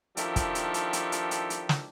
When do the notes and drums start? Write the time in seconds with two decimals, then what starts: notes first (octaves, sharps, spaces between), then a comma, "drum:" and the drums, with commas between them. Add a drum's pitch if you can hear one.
0.17 D#3 F3 D4 E4 G4 A4, drum: hi-hat
0.36 drum: kick, hi-hat
0.55 drum: hi-hat
0.74 drum: hi-hat
0.93 drum: hi-hat
1.12 drum: hi-hat
1.31 drum: hi-hat
1.50 drum: hi-hat
1.69 drum: snare